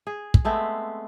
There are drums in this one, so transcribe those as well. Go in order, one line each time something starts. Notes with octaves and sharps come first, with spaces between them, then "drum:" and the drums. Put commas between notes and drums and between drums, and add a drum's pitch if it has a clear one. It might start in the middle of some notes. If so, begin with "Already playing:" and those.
G#4
drum: kick
G#3 A3 B3 C4